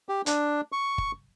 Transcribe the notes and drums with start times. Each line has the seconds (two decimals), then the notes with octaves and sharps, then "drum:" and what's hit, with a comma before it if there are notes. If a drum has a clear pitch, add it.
0.09 G4
0.26 D4, drum: hi-hat
0.72 C#6
0.98 drum: kick